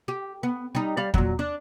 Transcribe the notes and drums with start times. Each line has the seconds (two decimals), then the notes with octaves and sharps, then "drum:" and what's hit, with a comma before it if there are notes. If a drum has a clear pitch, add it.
0.08 G4
0.43 B3
0.75 G3 D#4
0.97 G3 D5 F5
1.14 A#2 F#3, drum: kick E2
1.39 D4